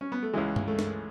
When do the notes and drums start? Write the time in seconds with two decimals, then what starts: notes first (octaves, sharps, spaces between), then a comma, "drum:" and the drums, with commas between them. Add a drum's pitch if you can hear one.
0.01 C#4
0.12 B3
0.23 A3
0.34 C#2 C#3 E3 G#3
0.56 drum: tom
0.68 A3
0.79 drum: snare